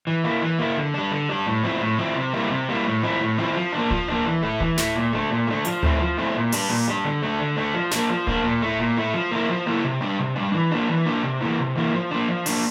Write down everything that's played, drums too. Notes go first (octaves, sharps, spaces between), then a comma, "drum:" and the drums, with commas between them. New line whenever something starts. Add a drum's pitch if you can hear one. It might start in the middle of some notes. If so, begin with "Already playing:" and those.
E3
A#3 E4
E3
A#3 E4
D3
G3 D4
D3
G3 D4
A2
F3 C4 E4
A2
F3 C4 E4
C3
G3 A#3 E4
C3
G3 A#3 E4
A2
F3 C4 E4
A2
F3 C4 E4
F3
A#3 D4
F3, drum: kick D1
A#3 D4
E3
A3 E4
E3, drum: kick D1
A3 E4, drum: snare
A#2
A3 D4
A#2
A3 D4
F3, drum: hi-hat
A3 C4 E4, drum: tom D2
F3
A3 C4 E4
A#2
G3 D4, drum: open hi-hat
A#2
G3 D4
D3
A3 D4
D3
A3 D4
F3
A#3 D4, drum: snare
F3
A#3 D4, drum: kick D1
A#2
A3 E4
A#2
A3 E4
F3
A#3 E4
F3
A#3 E4
C3
G3 D4
C3
G3 D4
E3
A#3 D4
E3
A#3 D4
C3
E3 A#3 E4
C3
E3 A#3 E4
F3
A#3 D4
F3
A#3 D4, drum: open hi-hat